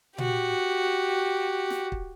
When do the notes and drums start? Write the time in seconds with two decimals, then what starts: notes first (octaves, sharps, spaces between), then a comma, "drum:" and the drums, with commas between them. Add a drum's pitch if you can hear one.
0.18 F#4 G4, drum: tom A#2
1.70 drum: snare
1.92 drum: kick